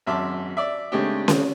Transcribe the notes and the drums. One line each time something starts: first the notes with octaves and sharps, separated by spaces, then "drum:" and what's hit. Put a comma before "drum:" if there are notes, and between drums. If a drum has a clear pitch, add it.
G#1 F#2 E5 A5 C6 D6
D5 E5
C#3 G#3 A3 C4 D4 G4
drum: snare C#4